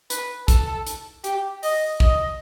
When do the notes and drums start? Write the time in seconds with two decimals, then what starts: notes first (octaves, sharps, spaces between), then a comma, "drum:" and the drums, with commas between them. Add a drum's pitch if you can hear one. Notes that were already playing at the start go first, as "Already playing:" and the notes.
0.10 B4, drum: hi-hat
0.48 A4, drum: kick A#1, hi-hat
0.87 drum: hi-hat
1.24 G4, drum: hi-hat
1.63 D#5, drum: open hi-hat
2.00 D#5, drum: kick A#1